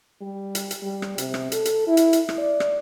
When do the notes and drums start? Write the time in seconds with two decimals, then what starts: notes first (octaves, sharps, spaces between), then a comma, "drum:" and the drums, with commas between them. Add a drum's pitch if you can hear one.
0.21 G3
0.55 drum: hi-hat
0.71 drum: hi-hat
0.82 G3
1.02 drum: rim click
1.18 C3, drum: hi-hat
1.34 drum: rim click
1.52 A4, drum: hi-hat
1.65 drum: hi-hat
1.87 E4
1.97 drum: hi-hat
2.13 drum: hi-hat
2.29 drum: rim click
2.38 D5
2.60 drum: rim click